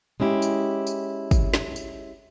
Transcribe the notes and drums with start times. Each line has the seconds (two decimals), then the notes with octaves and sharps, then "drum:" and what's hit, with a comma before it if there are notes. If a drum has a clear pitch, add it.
0.20 G#3 C#4 E4 G4
0.42 drum: tambourine
0.87 drum: tambourine
1.31 drum: kick, tambourine
1.54 drum: snare
1.76 drum: tambourine